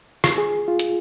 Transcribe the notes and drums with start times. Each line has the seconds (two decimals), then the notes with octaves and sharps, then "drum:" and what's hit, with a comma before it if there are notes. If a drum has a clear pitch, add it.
0.24 F4, drum: rim click
0.38 G#4
0.68 F4
0.79 drum: hi-hat